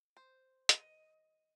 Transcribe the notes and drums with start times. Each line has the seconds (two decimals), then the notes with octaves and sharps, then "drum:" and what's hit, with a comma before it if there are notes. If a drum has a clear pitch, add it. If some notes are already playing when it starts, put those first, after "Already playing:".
0.17 C5
0.69 D#5, drum: hi-hat